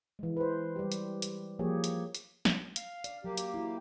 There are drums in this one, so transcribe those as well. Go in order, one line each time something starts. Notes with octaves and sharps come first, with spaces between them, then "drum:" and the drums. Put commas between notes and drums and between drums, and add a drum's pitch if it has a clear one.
E3 G#3
B4 C5
G3 G4
drum: hi-hat
drum: hi-hat
F3 A#3 G4 G#4 C#5
drum: hi-hat
drum: hi-hat
drum: snare
F5, drum: hi-hat
D5, drum: hi-hat
F#3 A#3 G4
drum: hi-hat
E4 F#4